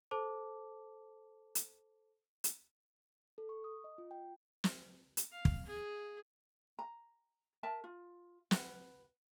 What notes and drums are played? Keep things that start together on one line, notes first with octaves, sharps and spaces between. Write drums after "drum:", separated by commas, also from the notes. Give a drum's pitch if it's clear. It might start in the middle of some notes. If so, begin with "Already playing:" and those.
A4 C5 A5 D6
drum: hi-hat
drum: hi-hat
A4
C#6
D#6
D#5
F4
G5
drum: snare
drum: hi-hat
F5
drum: kick
G#4
A#5
A#4 E5 A5
F4
B4 F#5, drum: snare